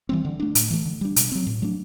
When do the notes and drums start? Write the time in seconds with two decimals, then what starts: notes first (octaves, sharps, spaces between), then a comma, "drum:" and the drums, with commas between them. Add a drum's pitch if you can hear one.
0.09 E3 G3 C4
0.25 D3
0.40 A3 D4
0.55 A2, drum: hi-hat
0.70 E3 A3
0.86 D3
1.01 G3 D4
1.16 B2, drum: hi-hat
1.32 F#3 C4
1.47 A2
1.62 F#3 A3 D4